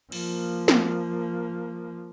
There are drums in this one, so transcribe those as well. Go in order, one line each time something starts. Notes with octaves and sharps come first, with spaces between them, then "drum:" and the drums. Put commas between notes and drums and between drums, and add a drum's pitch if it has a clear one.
F3 A#3, drum: cymbal
drum: snare